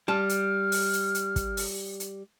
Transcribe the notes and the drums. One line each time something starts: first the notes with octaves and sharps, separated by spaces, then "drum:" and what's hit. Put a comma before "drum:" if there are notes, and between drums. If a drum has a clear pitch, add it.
G3 A5 F6
drum: hi-hat
drum: open hi-hat
drum: hi-hat
drum: hi-hat
drum: kick, hi-hat
drum: open hi-hat
drum: hi-hat